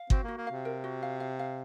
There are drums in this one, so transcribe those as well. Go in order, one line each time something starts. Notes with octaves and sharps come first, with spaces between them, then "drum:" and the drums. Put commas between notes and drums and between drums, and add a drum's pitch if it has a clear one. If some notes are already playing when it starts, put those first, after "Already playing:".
Already playing: F5
C4 F#4, drum: kick G1
A#3
F#4
A#3
C3 F5
A#4
F#4
F5
F5
F5